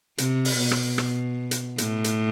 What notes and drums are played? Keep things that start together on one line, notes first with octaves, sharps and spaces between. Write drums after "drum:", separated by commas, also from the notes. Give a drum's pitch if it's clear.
C3, drum: hi-hat
drum: open hi-hat
B2
drum: rim click
drum: rim click
drum: hi-hat
A2, drum: hi-hat
drum: hi-hat